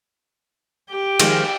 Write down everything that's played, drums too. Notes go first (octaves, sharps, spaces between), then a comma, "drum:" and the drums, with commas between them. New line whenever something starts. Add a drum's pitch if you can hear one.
G4 G5
D#3 F3 G#3, drum: cymbal